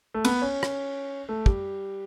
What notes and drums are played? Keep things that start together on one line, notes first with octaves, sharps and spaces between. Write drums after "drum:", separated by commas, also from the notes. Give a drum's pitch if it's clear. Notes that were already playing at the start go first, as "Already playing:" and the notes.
A3
B3, drum: cymbal
C#4
drum: rim click
A3
G3, drum: kick